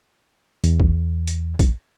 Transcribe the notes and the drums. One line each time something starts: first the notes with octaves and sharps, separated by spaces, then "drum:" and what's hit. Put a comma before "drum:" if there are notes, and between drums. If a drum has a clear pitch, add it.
E2, drum: hi-hat
drum: kick A#1
drum: hi-hat
drum: kick A#1, hi-hat